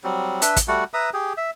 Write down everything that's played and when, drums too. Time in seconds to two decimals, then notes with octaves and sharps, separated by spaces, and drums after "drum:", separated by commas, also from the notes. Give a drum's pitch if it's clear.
0.04 F#3 G3 C4
0.42 D4 B4 E5, drum: hi-hat
0.56 drum: kick, hi-hat
0.68 G3 A3 F#4 F#5
0.94 B4 E5 A#5 D#6
1.14 G4 G#4
1.37 E5